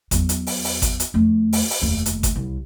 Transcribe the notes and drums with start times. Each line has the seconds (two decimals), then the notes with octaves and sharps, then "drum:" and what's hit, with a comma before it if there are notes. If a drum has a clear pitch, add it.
0.11 E2 F#3, drum: kick G#1, hi-hat
0.29 drum: hi-hat
0.47 drum: open hi-hat
0.64 drum: open hi-hat
0.82 drum: kick G#1, hi-hat
1.00 drum: hi-hat
1.14 F2 A3
1.53 drum: open hi-hat
1.70 drum: open hi-hat
1.82 F1 D#2
2.06 drum: hi-hat
2.23 drum: kick G#1, hi-hat
2.36 C2